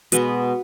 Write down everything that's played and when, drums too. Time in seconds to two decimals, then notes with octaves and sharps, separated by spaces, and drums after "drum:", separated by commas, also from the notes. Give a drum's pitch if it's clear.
0.12 B2 G#3 B3 B4, drum: hi-hat